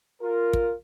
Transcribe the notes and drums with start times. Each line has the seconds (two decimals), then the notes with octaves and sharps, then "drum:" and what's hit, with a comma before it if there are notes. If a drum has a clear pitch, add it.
0.22 F4 A#4
0.53 drum: kick